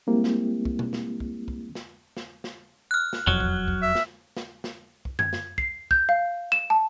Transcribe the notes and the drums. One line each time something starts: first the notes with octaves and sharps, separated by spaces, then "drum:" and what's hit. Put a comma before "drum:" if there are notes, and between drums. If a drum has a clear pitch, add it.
G3 G#3 A#3 C4 E4 G4
drum: snare
drum: kick
drum: tom B2
drum: snare
drum: kick
drum: kick
drum: snare
drum: snare
drum: snare
F6 F#6
drum: snare
E1 F2 F#3
drum: kick
drum: kick
E5
drum: snare
drum: snare
drum: snare
drum: kick
G#6, drum: tom F#2
drum: snare
C7, drum: kick
G6, drum: kick
F5
E7
A5